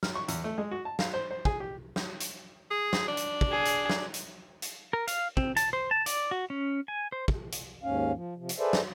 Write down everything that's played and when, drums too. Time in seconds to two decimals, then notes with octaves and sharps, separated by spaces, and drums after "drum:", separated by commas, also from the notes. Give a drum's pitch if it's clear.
0.03 F6, drum: snare
0.15 C#6
0.28 E2, drum: hi-hat
0.44 A3
0.58 G#3
0.71 F#4
0.85 A5
0.99 F5, drum: snare
1.13 C5
1.31 C5
1.45 G#4, drum: kick
1.60 G4
1.96 drum: snare
2.20 drum: hi-hat
2.71 G#4
2.93 drum: snare
3.08 D4
3.17 drum: hi-hat
3.41 drum: kick
3.51 G#4
3.65 drum: hi-hat
3.90 drum: snare
4.14 drum: hi-hat
4.62 drum: hi-hat
4.93 A#4
5.07 F5, drum: hi-hat
5.37 C4, drum: kick
5.57 A5, drum: hi-hat
5.73 C5
5.91 A5
6.06 D5, drum: hi-hat
6.31 F#4
6.50 C#4
6.88 G#5
7.12 C5
7.28 drum: kick
7.52 drum: hi-hat
7.83 D#2 G#2 C#4 F5
8.14 F3
8.37 C3 F3
8.49 drum: hi-hat
8.59 G#4 A4 B4 C5 D5 E5
8.73 drum: snare